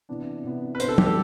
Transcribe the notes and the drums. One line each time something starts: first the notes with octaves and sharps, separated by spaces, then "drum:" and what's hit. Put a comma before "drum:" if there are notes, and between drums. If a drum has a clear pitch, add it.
C3 E3 B3 D4
C3 E3 B3 D4
B4
C3 E3 B3 D4 C5, drum: hi-hat
A4
G4, drum: tom
A4